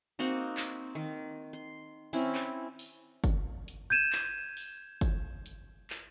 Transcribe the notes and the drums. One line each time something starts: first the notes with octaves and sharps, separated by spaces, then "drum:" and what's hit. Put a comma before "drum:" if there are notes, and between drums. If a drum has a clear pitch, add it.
A#3 C4 D#4 F#4
drum: clap
D#3
C6
C4 C#4 E4
drum: clap
drum: open hi-hat
drum: kick G1, hi-hat
drum: hi-hat
G6 G#6 D#7 E7
drum: clap
drum: open hi-hat
drum: kick G1, hi-hat
drum: hi-hat
drum: clap